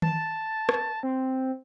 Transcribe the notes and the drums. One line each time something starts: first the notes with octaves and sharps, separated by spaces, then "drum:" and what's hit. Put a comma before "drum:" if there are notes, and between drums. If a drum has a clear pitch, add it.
A5, drum: tom D#3
drum: rim click
C4